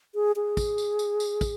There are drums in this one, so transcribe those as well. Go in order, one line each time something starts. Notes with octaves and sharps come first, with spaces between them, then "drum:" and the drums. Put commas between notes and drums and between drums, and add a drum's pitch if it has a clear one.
G#4
G#4
drum: kick, tambourine
drum: tambourine
drum: tambourine
drum: tambourine
drum: kick, tambourine